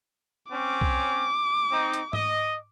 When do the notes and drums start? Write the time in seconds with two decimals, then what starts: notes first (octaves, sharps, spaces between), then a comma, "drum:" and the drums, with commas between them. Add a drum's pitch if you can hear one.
0.52 C4 C#4 D6
0.81 drum: kick C2
1.72 C4 D#4
1.94 drum: hi-hat
2.13 D#5, drum: tom G#2